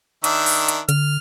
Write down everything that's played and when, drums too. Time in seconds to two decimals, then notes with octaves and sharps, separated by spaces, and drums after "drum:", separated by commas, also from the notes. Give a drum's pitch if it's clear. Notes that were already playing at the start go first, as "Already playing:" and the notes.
0.24 D#3 D4 E5, drum: hi-hat
0.46 drum: open hi-hat
0.69 drum: hi-hat
0.89 D3 F6, drum: hi-hat